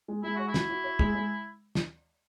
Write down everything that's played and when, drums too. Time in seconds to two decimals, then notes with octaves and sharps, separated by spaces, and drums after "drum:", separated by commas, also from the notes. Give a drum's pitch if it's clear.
0.08 G#3
0.23 G#3 E4
0.36 F#4 C#5
0.48 E4
0.54 F#4, drum: snare
0.69 F#4
0.84 C#5
0.99 G#3, drum: kick
1.15 G#3
1.75 drum: snare